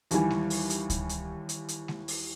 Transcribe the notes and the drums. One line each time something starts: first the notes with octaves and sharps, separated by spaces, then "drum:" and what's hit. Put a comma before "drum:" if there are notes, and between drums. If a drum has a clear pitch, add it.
D#2 E3 G3 G#5, drum: hi-hat
drum: snare G#3
drum: open hi-hat
drum: hi-hat
drum: kick C#2, hi-hat
drum: hi-hat
drum: hi-hat
drum: hi-hat
drum: snare G#3
drum: open hi-hat